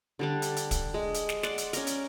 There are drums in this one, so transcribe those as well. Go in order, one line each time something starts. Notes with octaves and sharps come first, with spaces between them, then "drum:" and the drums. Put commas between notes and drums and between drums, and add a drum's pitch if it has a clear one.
D3 G3 D4
drum: hi-hat
drum: hi-hat
drum: kick, hi-hat
G#3
drum: hi-hat
drum: snare
D5 F#5 C6, drum: snare
drum: hi-hat
C#4 A#4, drum: hi-hat
drum: hi-hat